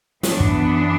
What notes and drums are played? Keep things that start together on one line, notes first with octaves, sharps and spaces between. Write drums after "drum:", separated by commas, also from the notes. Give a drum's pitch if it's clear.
F#2 E3 B3 D4, drum: snare
drum: kick